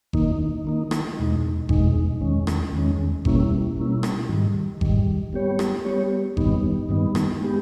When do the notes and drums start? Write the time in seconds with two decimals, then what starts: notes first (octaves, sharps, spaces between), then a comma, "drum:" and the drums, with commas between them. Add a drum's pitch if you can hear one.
0.13 D#3 A#3 D#4, drum: kick G1
0.65 D#3 A#3 D#4
0.91 drum: rim click
1.17 E2 B2 G#3 D#4
1.69 E2 B2 G#3 D#4, drum: kick G1
2.21 E2 D#3 G#3 C#4
2.47 drum: rim click
2.73 E2 D#3 G#3 C#4
3.25 B2 G3 A#3 C#4 E4, drum: kick G1
3.77 B2 G3 A#3 C#4 E4
4.03 drum: rim click
4.29 G#2 D#3 G3
4.81 G#2 D#3 G3, drum: kick G1
5.33 G3 B3 G4 C#5
5.59 drum: rim click
5.85 G3 B3 G4 C#5
6.37 G2 D#3 G3 B3 D#4, drum: kick G1
6.89 G2 D#3 G3 B3 D#4
7.15 drum: rim click
7.41 G#3 B3 G4